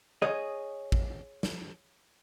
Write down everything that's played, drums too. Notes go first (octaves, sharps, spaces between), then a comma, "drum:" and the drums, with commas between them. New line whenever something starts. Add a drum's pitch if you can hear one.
G#4 C#5 D#5
drum: kick
drum: snare